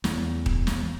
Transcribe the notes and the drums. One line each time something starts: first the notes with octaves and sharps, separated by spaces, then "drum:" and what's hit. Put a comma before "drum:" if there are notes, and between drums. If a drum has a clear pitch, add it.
E2, drum: snare
drum: kick D#1
drum: snare